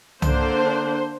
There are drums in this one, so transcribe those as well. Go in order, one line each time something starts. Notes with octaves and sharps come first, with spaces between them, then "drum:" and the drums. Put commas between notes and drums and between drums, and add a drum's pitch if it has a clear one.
D3 A#3 D4 C5, drum: tom C2